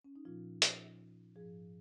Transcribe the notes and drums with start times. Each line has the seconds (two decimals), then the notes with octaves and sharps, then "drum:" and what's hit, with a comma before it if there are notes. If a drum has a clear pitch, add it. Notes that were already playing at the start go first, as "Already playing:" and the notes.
0.04 C#4
0.16 D#4
0.25 A#2 F3 F4
0.62 drum: hi-hat
1.36 G#2 F3 G#4